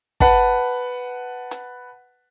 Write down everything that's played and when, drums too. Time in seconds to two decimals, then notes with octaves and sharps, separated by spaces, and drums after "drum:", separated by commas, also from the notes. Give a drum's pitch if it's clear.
0.20 B4 F#5 A5, drum: kick
1.51 drum: hi-hat